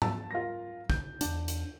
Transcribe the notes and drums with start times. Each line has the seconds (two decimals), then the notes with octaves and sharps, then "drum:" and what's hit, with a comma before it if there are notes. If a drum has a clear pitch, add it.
0.02 A5 E6, drum: tom G#2
0.31 F4 A#4 A#6
0.90 G6, drum: kick
1.21 E2 D4, drum: hi-hat
1.48 drum: hi-hat